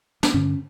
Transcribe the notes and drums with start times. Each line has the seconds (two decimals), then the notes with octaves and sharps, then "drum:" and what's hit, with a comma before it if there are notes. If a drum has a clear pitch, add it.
0.23 D4, drum: snare
0.34 G2 D3 C#4